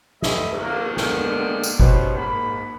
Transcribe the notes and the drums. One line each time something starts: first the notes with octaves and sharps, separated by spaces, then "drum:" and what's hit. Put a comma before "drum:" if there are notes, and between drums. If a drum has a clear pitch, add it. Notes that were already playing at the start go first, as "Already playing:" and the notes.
A3 B4 D#5 E5, drum: snare
drum: cymbal
A#3
D3 G#3 A#3 B3 D5 G5, drum: snare
drum: tambourine
B2 B3 C#4 D#4 G4 C5, drum: kick G1
G#2 A#3 B5